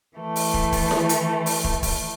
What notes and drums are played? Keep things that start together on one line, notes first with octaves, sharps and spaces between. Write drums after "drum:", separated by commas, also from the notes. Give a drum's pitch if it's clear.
E3 A3
drum: open hi-hat
drum: kick
drum: kick, open hi-hat
drum: snare E4
drum: hi-hat
drum: open hi-hat
drum: kick
drum: kick, open hi-hat